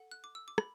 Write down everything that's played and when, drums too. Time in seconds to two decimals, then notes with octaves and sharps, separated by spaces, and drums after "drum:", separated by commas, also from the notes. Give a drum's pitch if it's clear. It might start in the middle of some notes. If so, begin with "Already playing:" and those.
Already playing: A4 F#5
0.11 F#6
0.24 D6
0.35 E6
0.48 D6
0.58 B5, drum: rim click